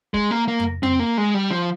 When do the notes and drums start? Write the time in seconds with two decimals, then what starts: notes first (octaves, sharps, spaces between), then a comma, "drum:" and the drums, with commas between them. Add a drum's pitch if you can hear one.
0.14 G#3, drum: kick
0.31 A#3
0.48 A#3
0.60 drum: tom F2
0.83 C4, drum: tom F2
0.99 A#3
1.18 G#3
1.34 G3
1.51 F3